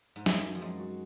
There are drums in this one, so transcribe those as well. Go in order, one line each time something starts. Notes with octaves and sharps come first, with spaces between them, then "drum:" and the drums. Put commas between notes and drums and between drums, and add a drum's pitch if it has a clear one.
G#2
F#2 D#3, drum: snare
F#4
F2
F#2 G#3
F#4